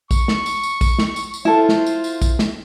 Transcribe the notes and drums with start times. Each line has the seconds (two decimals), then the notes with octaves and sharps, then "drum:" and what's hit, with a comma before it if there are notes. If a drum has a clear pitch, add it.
0.11 C#6, drum: kick, tambourine
0.28 drum: snare
0.46 drum: tambourine
0.63 drum: tambourine
0.81 drum: kick, tambourine
0.99 drum: snare
1.16 drum: tambourine
1.34 drum: tambourine
1.45 E4 F4 A4 C5
1.69 drum: snare
1.86 drum: tambourine
2.04 drum: tambourine
2.22 drum: kick, tambourine
2.39 drum: snare